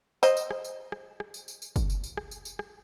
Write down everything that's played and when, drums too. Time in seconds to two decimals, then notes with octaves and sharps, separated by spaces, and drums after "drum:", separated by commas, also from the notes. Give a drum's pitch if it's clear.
0.23 C5 D#5, drum: tambourine
0.37 drum: tambourine
0.51 drum: rim click
0.64 drum: tambourine
0.92 drum: rim click
1.20 drum: rim click
1.34 drum: tambourine
1.48 drum: tambourine
1.62 drum: tambourine
1.76 drum: kick, tambourine
1.90 drum: tambourine
2.04 drum: tambourine
2.17 drum: rim click
2.31 drum: tambourine
2.45 drum: tambourine
2.59 drum: rim click